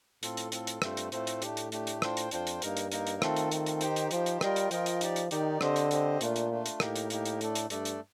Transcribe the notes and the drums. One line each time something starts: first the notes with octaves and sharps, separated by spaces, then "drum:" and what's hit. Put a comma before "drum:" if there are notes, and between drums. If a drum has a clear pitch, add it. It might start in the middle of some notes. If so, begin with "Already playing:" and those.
A2 C4 F4 A4, drum: hi-hat
drum: hi-hat
C4 F4 A4, drum: hi-hat
drum: hi-hat
G2 A3 C4 F4 A4 C5, drum: rim click
drum: hi-hat
A2 A3 C4 F4 A4 C5, drum: hi-hat
drum: hi-hat
A3 D4 G4, drum: hi-hat
drum: hi-hat
A3 D4 G4, drum: hi-hat
drum: hi-hat
D4 F4 C5 G5, drum: rim click
drum: hi-hat
F2 D4 F4 C5 G5, drum: hi-hat
drum: hi-hat
G2 A#3 D#4 A#4, drum: hi-hat
drum: hi-hat
A#3 D#4 A#4, drum: hi-hat
drum: hi-hat
D#3 A3 C4 F4 A4, drum: rim click
drum: hi-hat
A3 C4 F4 A4, drum: hi-hat
drum: hi-hat
D#4 G4 C5 G5, drum: hi-hat
drum: hi-hat
F3 D#4 G4 C5 G5, drum: hi-hat
drum: hi-hat
G3 F4 A#4 D#5 G5, drum: rim click
drum: hi-hat
F3 F4 A#4 D#5 G5, drum: hi-hat
drum: hi-hat
D#4 G4 D5, drum: hi-hat
drum: hi-hat
D#3 D#4 G4 D5, drum: hi-hat
D3 C4 G4 C5 D#5, drum: rim click
drum: hi-hat
C4 G4 C5 D#5, drum: hi-hat
A#2 A3 D4 F4, drum: hi-hat
drum: hi-hat
A3 D4 F4
drum: hi-hat
A2 A#3 D#4 G4 A#4, drum: rim click
drum: hi-hat
A#3 D#4 G4 A#4, drum: hi-hat
drum: hi-hat
A3 D4 A4 D5, drum: hi-hat
drum: hi-hat
G2 A3 D4 A4 D5, drum: hi-hat
drum: hi-hat